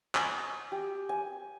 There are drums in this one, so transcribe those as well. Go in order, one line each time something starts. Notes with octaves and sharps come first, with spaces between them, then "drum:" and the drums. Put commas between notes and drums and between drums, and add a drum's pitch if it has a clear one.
G#5, drum: clap
G4
G#5